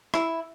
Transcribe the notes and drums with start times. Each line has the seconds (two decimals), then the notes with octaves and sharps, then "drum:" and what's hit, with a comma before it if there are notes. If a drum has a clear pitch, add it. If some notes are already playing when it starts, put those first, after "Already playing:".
0.14 E4, drum: rim click